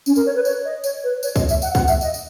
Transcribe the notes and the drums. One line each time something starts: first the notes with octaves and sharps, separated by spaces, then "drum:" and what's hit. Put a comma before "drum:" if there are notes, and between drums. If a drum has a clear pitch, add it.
C#4, drum: tambourine
A#4, drum: tambourine
C#5
B4
C#5, drum: tambourine
D#5
C#5, drum: tambourine
B4
C#5, drum: tambourine
D#5, drum: kick C#2, tambourine
E5, drum: tambourine
F#5, drum: tambourine
F#5, drum: kick C#2, tambourine
E5, drum: tambourine
D#5, drum: tambourine
drum: tambourine